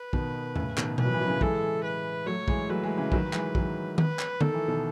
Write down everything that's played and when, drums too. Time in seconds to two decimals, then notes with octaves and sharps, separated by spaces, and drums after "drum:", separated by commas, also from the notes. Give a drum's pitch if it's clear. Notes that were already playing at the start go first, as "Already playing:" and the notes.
Already playing: B4
0.13 B2 D#3, drum: kick A#1
0.56 A2 C#3, drum: tom E2
0.78 B2 D#3, drum: clap
0.98 E3 B4, drum: tom B2
1.05 F#3
1.14 E3
1.20 F#3
1.27 C#3 E3
1.41 E3 G#3 A4, drum: kick A#1
1.84 B4
2.26 F#3 A3 C#5
2.48 E3 G#3, drum: kick A#1
2.69 F#3 A3 B4
2.83 E3 G#3
2.98 C#3 E3
3.12 D#3 F#3, drum: kick A#1
3.33 E3 G#3, drum: clap
3.55 D#3 F#3, drum: kick A#1
3.98 B4, drum: tom D#3
4.19 drum: clap
4.41 D#3 A4, drum: tom D3
4.54 E3
4.68 B2 D#3